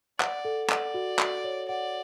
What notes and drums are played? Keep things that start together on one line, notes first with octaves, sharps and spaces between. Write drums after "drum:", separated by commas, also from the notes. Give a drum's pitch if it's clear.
D5 F#5, drum: clap
A4
D5 F#5, drum: clap
F#4
F#4, drum: clap
C#5
D5 F#5